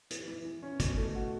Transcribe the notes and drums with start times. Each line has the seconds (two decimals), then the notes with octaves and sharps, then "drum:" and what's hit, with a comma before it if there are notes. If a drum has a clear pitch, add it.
0.11 E3, drum: hi-hat
0.28 E3
0.45 E3
0.62 C#4
0.80 B2, drum: kick, hi-hat
0.97 A3
1.15 F#4